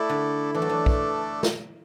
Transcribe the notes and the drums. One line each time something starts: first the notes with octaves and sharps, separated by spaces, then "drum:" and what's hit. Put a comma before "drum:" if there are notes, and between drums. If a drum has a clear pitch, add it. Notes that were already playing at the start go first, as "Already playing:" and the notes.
Already playing: A3 E4 A4 D5
D3
E3 A3 D4 A4 D5
F#3
E3
drum: kick
drum: snare